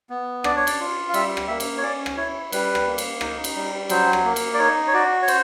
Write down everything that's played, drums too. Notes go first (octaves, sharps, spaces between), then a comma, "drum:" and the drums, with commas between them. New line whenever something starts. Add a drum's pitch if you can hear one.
B3
D4 D5, drum: rim click
C#5
D5, drum: cymbal
F4
F5
G3 E5, drum: cymbal
drum: rim click
A#3 E5
drum: cymbal
C#5
C#4 D5
drum: rim click
E4 C#5
G3 B4, drum: cymbal
drum: rim click
A#3
drum: cymbal
D#4, drum: rim click
drum: cymbal
G3
F#3 C5, drum: cymbal
drum: rim click
A#3
drum: cymbal
D5
D#4 C#5
C#5
F#4 D5
C#5
C5, drum: cymbal